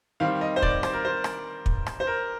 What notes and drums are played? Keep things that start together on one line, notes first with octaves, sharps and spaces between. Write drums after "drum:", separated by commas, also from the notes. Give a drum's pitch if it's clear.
D#3 G3 C4 F5
D#5
C5
D5, drum: kick
C5, drum: rim click
A#4
C5
drum: rim click
drum: kick
drum: rim click
C5
A#4